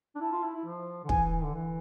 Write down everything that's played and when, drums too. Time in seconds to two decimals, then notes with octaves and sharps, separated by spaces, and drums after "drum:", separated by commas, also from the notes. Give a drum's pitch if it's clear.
0.15 D4
0.21 E4 A5
0.32 F4
0.43 E4
0.55 E4
0.66 F3
1.04 D3
1.09 E3 G#5, drum: kick
1.44 D3
1.54 E3